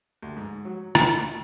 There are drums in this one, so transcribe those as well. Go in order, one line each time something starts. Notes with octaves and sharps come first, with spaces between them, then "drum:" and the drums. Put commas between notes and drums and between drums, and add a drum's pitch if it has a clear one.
D2
G#2
F#3
D2, drum: rim click